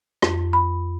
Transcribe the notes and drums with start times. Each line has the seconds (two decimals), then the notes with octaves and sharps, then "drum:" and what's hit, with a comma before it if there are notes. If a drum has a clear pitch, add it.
0.22 F2, drum: rim click
0.53 B5